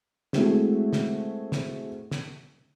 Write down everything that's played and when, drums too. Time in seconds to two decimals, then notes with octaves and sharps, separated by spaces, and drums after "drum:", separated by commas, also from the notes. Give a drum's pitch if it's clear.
0.33 G#3 A3 C4 E4 F#4 G#4, drum: snare
0.93 drum: snare
1.52 drum: snare
2.11 drum: snare